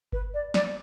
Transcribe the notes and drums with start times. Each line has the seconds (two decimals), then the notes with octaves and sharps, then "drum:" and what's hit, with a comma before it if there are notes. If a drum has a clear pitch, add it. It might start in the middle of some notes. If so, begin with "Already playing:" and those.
0.12 B4, drum: kick G1
0.34 D5
0.54 D5, drum: snare